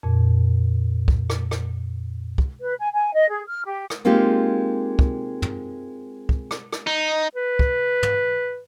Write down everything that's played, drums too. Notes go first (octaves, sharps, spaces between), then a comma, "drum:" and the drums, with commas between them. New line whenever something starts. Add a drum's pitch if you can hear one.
F2 A#2
drum: kick
drum: rim click
drum: rim click
drum: kick
B4
G#5
G#5
D#5
G#4
F6
G4
drum: rim click
G#3 A#3 C4 D#4 F4 G4
drum: kick
drum: tom
drum: kick
drum: rim click
drum: rim click
D#4
B4
drum: kick
drum: tom